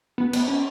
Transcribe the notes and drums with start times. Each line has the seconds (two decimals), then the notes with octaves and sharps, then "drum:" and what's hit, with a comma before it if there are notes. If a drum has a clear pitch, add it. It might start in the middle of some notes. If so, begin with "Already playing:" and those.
0.18 B3
0.33 B3, drum: cymbal
0.48 C#4